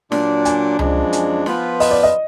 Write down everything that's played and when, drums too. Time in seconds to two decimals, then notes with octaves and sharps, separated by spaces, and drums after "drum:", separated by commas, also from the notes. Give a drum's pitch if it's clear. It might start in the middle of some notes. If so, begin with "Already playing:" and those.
0.12 A#2 F#3 D4, drum: snare
0.45 G#5, drum: hi-hat
0.79 F#2 F3 G#3 D4, drum: tom C#2
1.13 drum: hi-hat
1.46 F3 B3 F4 B4, drum: snare
1.80 D#5, drum: open hi-hat
1.91 D5
2.03 D#5